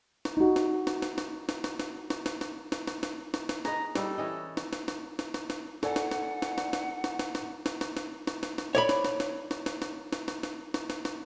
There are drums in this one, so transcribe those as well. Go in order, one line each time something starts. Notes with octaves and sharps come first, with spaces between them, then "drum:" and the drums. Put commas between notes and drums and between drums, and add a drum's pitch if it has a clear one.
drum: snare
D#4 F#4
drum: snare
drum: snare
drum: snare
drum: snare
drum: snare
drum: snare
drum: snare
drum: snare
drum: snare
drum: snare
drum: snare
drum: snare
drum: snare
drum: snare
drum: snare
G#4 B4 D#5 A#5, drum: snare
G3 D#4 A4, drum: snare
E3 C#4 D#5
drum: snare
drum: snare
drum: snare
drum: snare
drum: snare
drum: snare
A4 D5 F#5 G#5, drum: snare
drum: snare
drum: snare
drum: snare
drum: snare
drum: snare
drum: snare
drum: snare
drum: snare
drum: snare
drum: snare
drum: snare
drum: snare
drum: snare
drum: snare
C#5 D5 B5
drum: snare
drum: snare
drum: snare
drum: snare
drum: snare
drum: snare
drum: snare
drum: snare
drum: snare
drum: snare
drum: snare
drum: snare